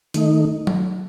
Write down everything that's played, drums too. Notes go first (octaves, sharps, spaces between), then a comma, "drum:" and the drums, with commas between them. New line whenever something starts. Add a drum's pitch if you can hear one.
D#3 A3 D#4, drum: hi-hat
drum: tom F#3